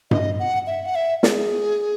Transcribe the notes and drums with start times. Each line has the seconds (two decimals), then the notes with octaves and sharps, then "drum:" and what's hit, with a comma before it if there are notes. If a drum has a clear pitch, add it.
0.11 D#5, drum: tom G2
0.39 F#5
0.67 E5
0.85 F#5
0.95 E5
1.23 G#4, drum: snare